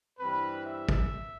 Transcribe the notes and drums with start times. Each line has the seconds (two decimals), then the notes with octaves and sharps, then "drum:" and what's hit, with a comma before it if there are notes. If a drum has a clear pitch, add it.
0.19 G2 E3 G3 C4 B4
0.65 E5
0.89 drum: kick